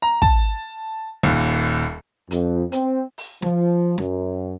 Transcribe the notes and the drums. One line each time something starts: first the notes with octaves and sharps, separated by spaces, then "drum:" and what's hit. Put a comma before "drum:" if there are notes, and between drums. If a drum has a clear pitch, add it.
A#5
A5, drum: kick
D#1 D#2
F2, drum: hi-hat
C4, drum: hi-hat
drum: open hi-hat
F3, drum: snare
F#2, drum: snare